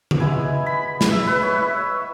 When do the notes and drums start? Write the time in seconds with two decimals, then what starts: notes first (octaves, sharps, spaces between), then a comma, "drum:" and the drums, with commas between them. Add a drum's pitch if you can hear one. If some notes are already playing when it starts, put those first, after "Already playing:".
0.11 drum: tom C#3
0.20 G#3 B3 E4 G#5
0.66 B5
1.01 drum: snare
1.12 E5
1.27 B4
1.43 C#5
1.58 E5